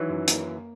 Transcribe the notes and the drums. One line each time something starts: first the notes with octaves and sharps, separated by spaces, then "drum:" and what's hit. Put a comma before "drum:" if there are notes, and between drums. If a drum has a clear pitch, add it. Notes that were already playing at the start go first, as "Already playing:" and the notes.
Already playing: D#3 E3 F#3
F#2
A#3, drum: hi-hat
A#3